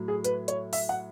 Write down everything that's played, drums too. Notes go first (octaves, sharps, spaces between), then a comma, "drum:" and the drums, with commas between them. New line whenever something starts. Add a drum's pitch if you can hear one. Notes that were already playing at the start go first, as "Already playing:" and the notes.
Already playing: A2 F#3 A3
G#4
B4, drum: hi-hat
C#5, drum: hi-hat
E5, drum: open hi-hat
F#5